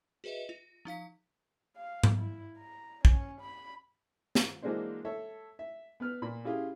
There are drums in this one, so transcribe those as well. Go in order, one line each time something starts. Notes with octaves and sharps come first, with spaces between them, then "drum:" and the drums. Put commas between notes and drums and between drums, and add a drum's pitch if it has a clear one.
F#4 G#4 B4 D#5 E5
F4
F3 D#4 F5 B6
F5
drum: tom G#2
E4
A#5
C#4, drum: kick
B5
drum: snare
E3 F#3 G#3 A#3 D4 C5
A4 C#5 E5
E5
B3 B4 F6
A#2 B5
C#4 E4 F4 G4 G#4